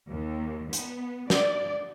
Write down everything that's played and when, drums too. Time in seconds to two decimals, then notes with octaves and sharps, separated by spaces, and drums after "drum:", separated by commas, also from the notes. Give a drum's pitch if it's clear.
0.10 D#2
0.73 B3, drum: hi-hat
1.30 D5, drum: snare